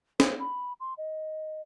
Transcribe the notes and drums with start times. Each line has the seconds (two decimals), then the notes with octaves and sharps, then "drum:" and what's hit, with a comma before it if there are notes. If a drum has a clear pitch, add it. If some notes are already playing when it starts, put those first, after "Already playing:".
0.20 C5, drum: snare
0.39 B5
0.80 C6
0.97 D#5